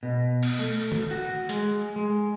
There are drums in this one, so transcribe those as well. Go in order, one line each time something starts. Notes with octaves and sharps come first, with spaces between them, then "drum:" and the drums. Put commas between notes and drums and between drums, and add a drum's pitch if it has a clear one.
B2
drum: cymbal
A3
drum: tom
F#4
G#3, drum: hi-hat
G#3